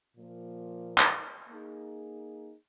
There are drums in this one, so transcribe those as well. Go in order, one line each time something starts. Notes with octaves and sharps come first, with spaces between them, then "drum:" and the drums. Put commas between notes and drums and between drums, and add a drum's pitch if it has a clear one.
A#2 F3 A#3
drum: clap
A#3 D#4 G#4